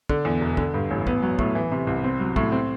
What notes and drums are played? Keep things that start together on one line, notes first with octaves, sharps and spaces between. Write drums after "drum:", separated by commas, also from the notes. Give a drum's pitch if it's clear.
D3, drum: kick
E2
E1
D3, drum: kick
G2
A1
B3, drum: kick
F#3
A2, drum: kick
E3
C3
C2
C4
F#3
A2, drum: kick
C4